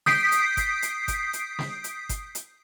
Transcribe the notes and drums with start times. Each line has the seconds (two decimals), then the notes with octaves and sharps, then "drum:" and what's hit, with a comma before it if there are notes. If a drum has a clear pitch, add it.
0.06 D#6 G6 B6 C7 D7, drum: snare
0.32 drum: hi-hat
0.57 drum: kick G1, hi-hat
0.82 drum: hi-hat
1.08 drum: kick G1, hi-hat
1.33 drum: hi-hat
1.59 drum: snare
1.84 drum: hi-hat
2.09 drum: kick G1, hi-hat
2.35 drum: hi-hat